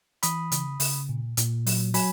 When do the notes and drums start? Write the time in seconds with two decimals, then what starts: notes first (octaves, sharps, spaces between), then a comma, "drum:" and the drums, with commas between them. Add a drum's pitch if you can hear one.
0.23 E3 B5 D#6, drum: hi-hat
0.52 C#3, drum: hi-hat
0.80 C#3, drum: open hi-hat
1.09 A#2
1.37 A#2, drum: hi-hat
1.66 F#3, drum: open hi-hat
1.94 F#3 G#5 B5, drum: open hi-hat